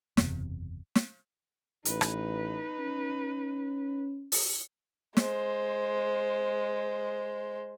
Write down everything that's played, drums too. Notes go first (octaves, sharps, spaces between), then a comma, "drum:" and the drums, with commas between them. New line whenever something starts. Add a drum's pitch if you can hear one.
F#1 E2 C3, drum: snare
drum: snare
A1 D#4 B4, drum: hi-hat
drum: rim click
C#4
drum: open hi-hat
G#3 C5, drum: snare